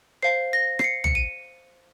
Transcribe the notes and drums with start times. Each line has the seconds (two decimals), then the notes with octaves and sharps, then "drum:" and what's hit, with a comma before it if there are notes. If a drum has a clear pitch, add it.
0.23 C5 F5 C7
0.53 A#6
0.79 C7, drum: rim click
0.84 C#7
1.04 C#7, drum: tom B1
1.15 D#7